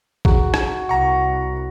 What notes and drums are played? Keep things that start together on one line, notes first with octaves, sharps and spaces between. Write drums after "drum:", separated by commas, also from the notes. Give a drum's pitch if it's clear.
F#4 G#4 A#5, drum: kick
drum: rim click
C2 F#5 A#5 C#6